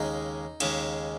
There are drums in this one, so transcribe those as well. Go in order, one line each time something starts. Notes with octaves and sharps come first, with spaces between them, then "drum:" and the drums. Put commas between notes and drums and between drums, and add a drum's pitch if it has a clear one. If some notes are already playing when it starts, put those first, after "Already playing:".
Already playing: D#2 C#3 G#3 D#4
D#2 C#3 G#3, drum: cymbal